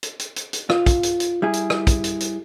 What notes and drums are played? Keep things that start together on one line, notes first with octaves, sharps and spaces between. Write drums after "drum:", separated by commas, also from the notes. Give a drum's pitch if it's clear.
drum: hi-hat
drum: hi-hat
drum: hi-hat
drum: hi-hat
F4, drum: rim click
drum: kick, hi-hat
drum: hi-hat
drum: hi-hat
G3 E4 G#4
drum: hi-hat
drum: rim click
drum: kick, hi-hat
drum: hi-hat
drum: hi-hat